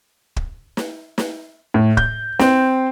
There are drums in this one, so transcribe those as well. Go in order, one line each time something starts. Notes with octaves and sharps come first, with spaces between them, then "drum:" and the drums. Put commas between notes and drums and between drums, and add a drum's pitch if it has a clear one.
drum: kick
drum: snare
drum: snare
A2
G6, drum: kick
C4, drum: snare